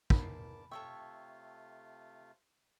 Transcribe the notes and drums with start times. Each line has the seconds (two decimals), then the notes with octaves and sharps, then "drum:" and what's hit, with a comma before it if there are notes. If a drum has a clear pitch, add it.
0.10 E2 A#4 A5 B5 D6, drum: kick
0.71 C3 A3 F4 A4 C#5 E5 G5 C#6